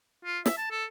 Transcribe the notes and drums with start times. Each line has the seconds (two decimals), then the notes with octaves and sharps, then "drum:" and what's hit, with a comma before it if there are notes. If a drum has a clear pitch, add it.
0.25 F4
0.46 E5, drum: snare
0.58 A5
0.71 A4